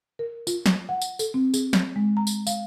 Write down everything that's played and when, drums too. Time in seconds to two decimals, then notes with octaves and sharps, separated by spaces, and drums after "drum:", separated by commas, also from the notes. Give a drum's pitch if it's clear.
0.19 A#4
0.47 F4, drum: tambourine
0.66 drum: snare
0.89 F#5
1.01 drum: tambourine
1.19 A4, drum: tambourine
1.34 C4
1.54 G#4, drum: tambourine
1.73 drum: snare
1.96 G#3
2.17 A#5
2.27 drum: tambourine
2.47 F5, drum: tambourine